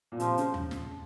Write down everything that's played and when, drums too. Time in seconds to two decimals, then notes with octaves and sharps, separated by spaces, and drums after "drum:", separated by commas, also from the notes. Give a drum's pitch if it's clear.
0.12 A#2
0.20 C3 F3, drum: hi-hat
0.38 C#3, drum: hi-hat
0.54 drum: tom D#2
0.71 drum: snare